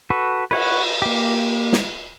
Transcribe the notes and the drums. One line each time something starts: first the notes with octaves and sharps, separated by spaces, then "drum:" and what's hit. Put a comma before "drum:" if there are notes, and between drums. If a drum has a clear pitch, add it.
F#4 A4 B4
B4 C#5 F#5, drum: cymbal
A#3 G4
drum: snare